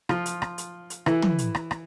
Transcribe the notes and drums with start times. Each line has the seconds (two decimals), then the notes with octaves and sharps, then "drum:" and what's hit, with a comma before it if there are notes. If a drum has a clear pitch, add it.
0.09 F3 F4, drum: rim click
0.26 drum: hi-hat
0.42 drum: rim click
0.58 drum: hi-hat
0.90 drum: hi-hat
1.06 E3 E4, drum: rim click
1.22 drum: tom
1.38 drum: hi-hat
1.55 drum: rim click
1.71 drum: rim click